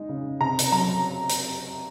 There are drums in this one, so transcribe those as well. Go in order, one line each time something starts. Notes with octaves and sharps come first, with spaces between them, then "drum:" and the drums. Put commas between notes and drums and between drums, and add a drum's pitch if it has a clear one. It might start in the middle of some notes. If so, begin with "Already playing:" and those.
Already playing: G#3 D#4
C#3
C3 A#5
drum: hi-hat
F#3 A#5
drum: hi-hat